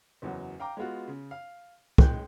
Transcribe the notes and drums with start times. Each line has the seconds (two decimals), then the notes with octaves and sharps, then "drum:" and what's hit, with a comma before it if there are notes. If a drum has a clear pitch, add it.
0.22 F#1 E2 F#3
0.60 F5 G5 A#5 D6
0.77 G#3 B3 F4 F#4
1.08 C#3
1.31 F5
1.98 C#2 G#3 G5 F#6 G6, drum: kick